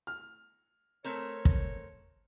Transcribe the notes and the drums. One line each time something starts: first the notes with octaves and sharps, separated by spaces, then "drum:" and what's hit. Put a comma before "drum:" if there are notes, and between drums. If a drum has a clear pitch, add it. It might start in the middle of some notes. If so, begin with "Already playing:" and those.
F6
A3 C4 A#4 C#5
drum: kick